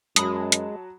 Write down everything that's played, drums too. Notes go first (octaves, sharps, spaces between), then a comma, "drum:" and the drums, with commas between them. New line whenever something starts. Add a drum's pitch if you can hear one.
F#2 F#3 G#3 A5 B5 D#6, drum: hi-hat
drum: hi-hat